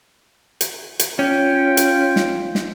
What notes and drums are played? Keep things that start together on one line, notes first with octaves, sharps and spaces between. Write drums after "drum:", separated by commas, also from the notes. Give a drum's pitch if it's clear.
drum: hi-hat
drum: hi-hat
C#4 F4 G5
drum: hi-hat
drum: snare
drum: snare